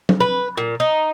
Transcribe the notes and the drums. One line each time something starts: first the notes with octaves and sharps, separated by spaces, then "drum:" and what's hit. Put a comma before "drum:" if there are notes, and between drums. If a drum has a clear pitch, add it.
drum: tom F#3
B4
A#2
D#4